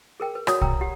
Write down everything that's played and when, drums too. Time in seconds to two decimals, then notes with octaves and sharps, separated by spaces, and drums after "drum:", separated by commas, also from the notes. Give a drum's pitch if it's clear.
0.20 G#4 A#4 G5
0.35 B4
0.47 F#4 C#5 D5 F#5 D#6, drum: rim click
0.61 G5 A#5 E6, drum: kick
0.81 G4 F#5